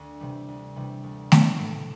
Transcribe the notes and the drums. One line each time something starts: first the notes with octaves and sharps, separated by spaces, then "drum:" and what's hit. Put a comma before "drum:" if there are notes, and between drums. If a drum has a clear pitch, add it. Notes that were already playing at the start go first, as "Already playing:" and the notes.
Already playing: D2
C3 E3 G3
D2
C3 E3 G3
D2
C3 E3 G3, drum: snare A3
A2 A4